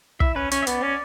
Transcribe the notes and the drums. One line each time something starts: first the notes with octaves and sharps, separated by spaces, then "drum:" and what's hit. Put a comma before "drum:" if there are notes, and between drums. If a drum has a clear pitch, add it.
E4 E5, drum: kick
C#4 B4
C#4 C#5, drum: hi-hat
E5
B3 D5, drum: hi-hat
C#4